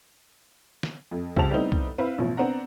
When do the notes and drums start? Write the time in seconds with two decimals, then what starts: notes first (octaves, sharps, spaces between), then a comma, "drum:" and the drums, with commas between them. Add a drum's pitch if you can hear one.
0.83 drum: snare
1.11 F2
1.36 C#2 G4 C5 A5 F7, drum: kick
1.51 G3 A3 B3 C4 D#4 E4
1.72 drum: kick
1.98 C4 E4 B4 F5
2.18 A1 B2 F3
2.37 B3 C4 D4 F#5 A#5